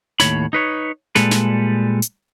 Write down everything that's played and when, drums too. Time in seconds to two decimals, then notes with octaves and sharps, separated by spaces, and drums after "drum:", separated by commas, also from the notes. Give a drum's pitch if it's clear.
0.20 D#2 A2 E3 C#5 B5, drum: snare
0.53 D#4 B4 C#5
1.15 A#2 G3 G#3 A4 B4, drum: snare
1.31 drum: snare
2.02 drum: hi-hat